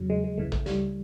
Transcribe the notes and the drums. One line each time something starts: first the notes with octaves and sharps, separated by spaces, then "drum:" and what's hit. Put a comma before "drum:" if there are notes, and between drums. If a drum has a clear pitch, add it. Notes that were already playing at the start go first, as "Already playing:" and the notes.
Already playing: E2 C#3 F#3
G#3
G#3
C#2 C#3 E3 A3
A3, drum: kick A1
G3, drum: snare